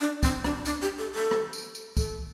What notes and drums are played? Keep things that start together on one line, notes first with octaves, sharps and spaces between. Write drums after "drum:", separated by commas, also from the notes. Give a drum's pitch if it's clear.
D4
C4, drum: kick C#2, tambourine
D4, drum: rim click
D4, drum: tambourine
G4
A4
A4
drum: rim click
drum: tambourine
drum: tambourine
A4, drum: kick C#2, tambourine